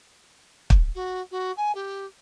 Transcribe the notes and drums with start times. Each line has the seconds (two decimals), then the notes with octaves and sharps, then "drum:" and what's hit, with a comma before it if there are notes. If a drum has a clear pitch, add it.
0.70 drum: kick
0.95 F#4
1.31 F#4
1.57 G#5
1.75 G4